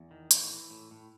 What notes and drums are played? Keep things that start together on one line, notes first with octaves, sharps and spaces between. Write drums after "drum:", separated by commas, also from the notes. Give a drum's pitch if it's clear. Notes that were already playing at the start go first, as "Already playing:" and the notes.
Already playing: E2
D#3
A2, drum: hi-hat
E3
A2
A2